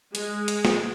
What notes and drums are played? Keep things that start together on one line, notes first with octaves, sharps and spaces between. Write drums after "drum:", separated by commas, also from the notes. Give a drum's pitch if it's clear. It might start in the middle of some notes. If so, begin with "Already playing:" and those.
G#3, drum: hi-hat
drum: hi-hat
drum: snare